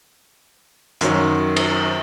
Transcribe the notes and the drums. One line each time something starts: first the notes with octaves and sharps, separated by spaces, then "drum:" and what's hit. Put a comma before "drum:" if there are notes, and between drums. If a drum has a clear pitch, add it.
F#2 D#3 F#3, drum: hi-hat
drum: cymbal